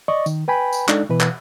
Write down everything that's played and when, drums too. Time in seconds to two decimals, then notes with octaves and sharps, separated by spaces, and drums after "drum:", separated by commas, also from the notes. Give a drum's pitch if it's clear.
0.08 D5 D#5 C#6
0.26 D#3, drum: tambourine
0.48 B4 G5 G#5 B5
0.73 drum: tambourine
0.89 G#3 D4 D#4 A4 D5, drum: clap
1.09 B2 E3 B4
1.21 drum: clap